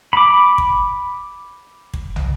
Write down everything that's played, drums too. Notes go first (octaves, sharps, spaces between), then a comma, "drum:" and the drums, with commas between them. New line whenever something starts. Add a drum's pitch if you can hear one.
B5 D6
drum: kick
drum: kick
drum: tom